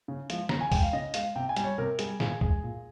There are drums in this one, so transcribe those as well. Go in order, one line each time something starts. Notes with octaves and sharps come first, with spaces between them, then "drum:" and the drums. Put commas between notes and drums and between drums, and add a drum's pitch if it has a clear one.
C#3
F3 G#3, drum: hi-hat
C#3 A#5, drum: snare
G#5
G#3 G5, drum: kick, open hi-hat
F5
C#3 D#5
G#3 F5, drum: hi-hat
C3 G5
G#5
G3, drum: hi-hat
C#5
C3 A#4
G3 G#4, drum: hi-hat
A#2 G#4, drum: snare
G#3 G#4, drum: kick
A#2